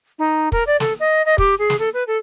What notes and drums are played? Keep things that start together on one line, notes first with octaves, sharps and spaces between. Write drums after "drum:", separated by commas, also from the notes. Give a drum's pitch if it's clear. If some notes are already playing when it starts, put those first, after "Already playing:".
D#4
A#4, drum: kick
D5
A4, drum: snare
D#5
D#5
G4, drum: kick
G#4
drum: snare
A4
B4
A4